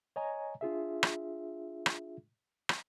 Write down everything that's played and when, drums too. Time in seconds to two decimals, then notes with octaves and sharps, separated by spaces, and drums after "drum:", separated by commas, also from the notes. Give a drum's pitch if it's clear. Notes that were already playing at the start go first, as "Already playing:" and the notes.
0.16 C#5 D#5 G#5 A#5
0.61 D4 F4 G#4 E5
1.03 drum: rim click
1.86 drum: rim click
2.69 drum: rim click